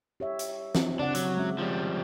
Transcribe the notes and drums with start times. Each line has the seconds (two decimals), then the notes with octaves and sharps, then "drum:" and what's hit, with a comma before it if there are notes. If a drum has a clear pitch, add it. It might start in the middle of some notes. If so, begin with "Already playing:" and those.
0.20 G4 C#5 E5
0.39 drum: hi-hat
0.75 C4, drum: snare
0.99 C#3 D4 D5 F#5
1.15 F#3, drum: hi-hat
1.37 G#3 C#4 E5
1.58 F3 G3